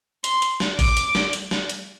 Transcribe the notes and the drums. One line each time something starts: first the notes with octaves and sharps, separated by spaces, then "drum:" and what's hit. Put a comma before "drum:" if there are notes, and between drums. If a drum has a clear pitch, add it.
C6, drum: hi-hat
drum: hi-hat
drum: snare
D6, drum: kick A1, open hi-hat
drum: hi-hat
drum: snare
drum: hi-hat
drum: snare
drum: hi-hat